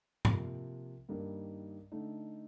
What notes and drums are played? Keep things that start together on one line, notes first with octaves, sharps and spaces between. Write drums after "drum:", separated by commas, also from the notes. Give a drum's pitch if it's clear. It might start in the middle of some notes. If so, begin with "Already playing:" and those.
C3 F3 A#3, drum: tom G#2
G2 D#3 G3 A#3 D#4
D3 A3 D#4